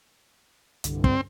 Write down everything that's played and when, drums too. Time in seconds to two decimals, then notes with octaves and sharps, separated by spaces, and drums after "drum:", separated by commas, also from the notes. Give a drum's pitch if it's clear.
0.84 C2 G2 D3, drum: hi-hat
1.04 C4, drum: kick